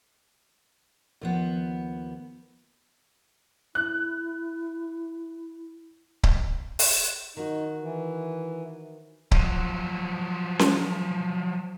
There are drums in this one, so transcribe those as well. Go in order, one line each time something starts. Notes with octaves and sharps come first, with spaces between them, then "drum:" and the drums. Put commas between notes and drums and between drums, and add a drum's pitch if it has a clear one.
D#2 F3 B3
E4 F#6
drum: kick C#1
drum: open hi-hat
D#3 D#4 F#4 C5
E3
F3 F#3, drum: kick C#1
drum: snare C#4